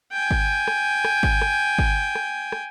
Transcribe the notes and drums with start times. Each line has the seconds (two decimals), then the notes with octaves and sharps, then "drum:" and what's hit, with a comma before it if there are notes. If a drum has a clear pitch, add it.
0.12 G5 G#5
0.31 drum: kick G#1
0.68 drum: rim click
1.05 drum: rim click
1.23 drum: kick G#1
1.42 drum: rim click
1.79 drum: kick G#1
2.15 drum: rim click
2.52 drum: rim click